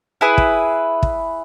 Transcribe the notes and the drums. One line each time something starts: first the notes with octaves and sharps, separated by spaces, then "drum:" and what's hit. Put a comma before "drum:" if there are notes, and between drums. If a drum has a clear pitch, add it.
E4 G#4 B4
drum: kick
drum: kick